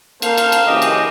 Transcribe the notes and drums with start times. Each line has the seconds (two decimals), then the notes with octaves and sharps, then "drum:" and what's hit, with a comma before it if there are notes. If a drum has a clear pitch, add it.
0.22 A#3 A4 A#4 C5 F5, drum: cymbal
0.38 drum: cymbal
0.52 drum: cymbal
0.67 F#1 E3 C#4 G4 D#5
0.82 drum: cymbal